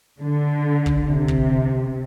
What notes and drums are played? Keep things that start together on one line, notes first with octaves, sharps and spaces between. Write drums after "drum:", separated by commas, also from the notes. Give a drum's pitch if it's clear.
D3
drum: kick
C3
drum: kick